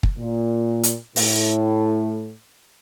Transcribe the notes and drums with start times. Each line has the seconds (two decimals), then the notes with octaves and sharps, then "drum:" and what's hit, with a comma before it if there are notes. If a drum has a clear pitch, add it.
0.03 drum: kick
0.18 A#2
0.83 drum: hi-hat
1.16 A2, drum: open hi-hat